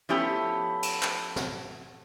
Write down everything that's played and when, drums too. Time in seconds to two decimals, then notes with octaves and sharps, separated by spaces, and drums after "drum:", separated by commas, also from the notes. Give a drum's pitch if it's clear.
0.09 F3 A3 B3 C#4 E4 G4
0.83 drum: cymbal
1.02 drum: clap
1.36 drum: snare